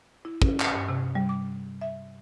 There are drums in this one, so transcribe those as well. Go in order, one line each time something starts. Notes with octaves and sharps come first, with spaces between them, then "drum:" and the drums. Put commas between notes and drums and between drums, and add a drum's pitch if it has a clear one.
E4
C#4, drum: kick
drum: clap
G2
C3
G3
D6
E5